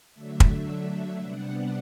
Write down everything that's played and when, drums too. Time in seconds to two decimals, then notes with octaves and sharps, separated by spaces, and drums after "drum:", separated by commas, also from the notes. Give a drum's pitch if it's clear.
0.14 D3 F#3 A3 D4 E5
0.40 drum: kick
1.17 C3 G3 B3 D4 F#5